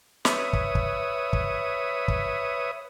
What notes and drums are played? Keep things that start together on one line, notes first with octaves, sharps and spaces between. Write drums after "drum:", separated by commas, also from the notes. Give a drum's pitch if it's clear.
B4 C#5 E5 D#6, drum: snare
drum: kick
drum: kick
drum: kick
drum: kick